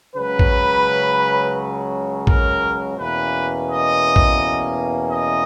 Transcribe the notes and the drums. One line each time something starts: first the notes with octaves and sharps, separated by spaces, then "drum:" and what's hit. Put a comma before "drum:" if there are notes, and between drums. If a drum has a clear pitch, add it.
C#2 C#3 F#3 B4
drum: kick
A#4, drum: kick
E2 B2 A#3 C#4 B4
D#5
drum: kick
D#5